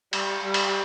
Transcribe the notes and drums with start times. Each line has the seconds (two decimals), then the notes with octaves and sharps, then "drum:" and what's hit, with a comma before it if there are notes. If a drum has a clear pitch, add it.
0.13 G3, drum: cymbal
0.44 G3
0.54 drum: cymbal